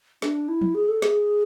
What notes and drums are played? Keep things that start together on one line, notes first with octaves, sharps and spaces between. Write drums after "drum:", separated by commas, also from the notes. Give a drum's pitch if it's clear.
D4, drum: snare
E4
drum: tom
G#4
A4
G#4, drum: snare